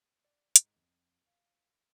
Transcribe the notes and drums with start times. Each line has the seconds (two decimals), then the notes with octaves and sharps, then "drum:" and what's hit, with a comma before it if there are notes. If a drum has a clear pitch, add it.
0.25 D5
0.56 G#2, drum: hi-hat
0.76 F2
1.25 F5